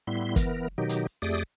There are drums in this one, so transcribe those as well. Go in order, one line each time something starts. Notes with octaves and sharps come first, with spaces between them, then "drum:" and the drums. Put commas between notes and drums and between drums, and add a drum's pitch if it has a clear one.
A2 G3 B3 E4 C6
E3 B3 A#4, drum: kick, hi-hat
B2 D#3 F#3 D#4 G4
drum: hi-hat
F2 A3 G4 G#4 D5 D#6